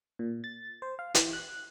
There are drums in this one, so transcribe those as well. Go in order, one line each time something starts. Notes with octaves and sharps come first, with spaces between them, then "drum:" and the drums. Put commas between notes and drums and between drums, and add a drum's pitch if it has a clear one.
A#2
A6
C5
F5
E3, drum: hi-hat
F#6